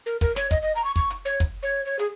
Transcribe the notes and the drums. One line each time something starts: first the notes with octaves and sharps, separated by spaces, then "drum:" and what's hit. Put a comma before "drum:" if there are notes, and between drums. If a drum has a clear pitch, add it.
A#4
A#4, drum: kick, hi-hat
C#5, drum: snare
D#5, drum: kick, hi-hat
D#5
A#5
C#6
C#6, drum: kick
drum: hi-hat
C#5
drum: kick, hi-hat
C#5
C#5
G#4, drum: hi-hat